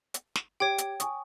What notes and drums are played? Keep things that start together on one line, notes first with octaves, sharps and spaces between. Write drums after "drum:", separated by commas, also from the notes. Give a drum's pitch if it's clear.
drum: hi-hat
drum: snare
G4 C#5 G5 D6 G#6
drum: hi-hat
G#5 C#6 D#6, drum: hi-hat